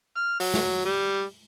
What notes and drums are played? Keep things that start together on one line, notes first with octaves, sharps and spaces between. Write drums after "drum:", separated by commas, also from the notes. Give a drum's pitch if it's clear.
F6
F#3, drum: open hi-hat
drum: snare
G3